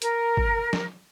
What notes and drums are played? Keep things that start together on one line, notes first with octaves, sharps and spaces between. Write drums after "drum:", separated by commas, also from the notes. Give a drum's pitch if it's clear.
A#4, drum: hi-hat
drum: kick
drum: snare F#3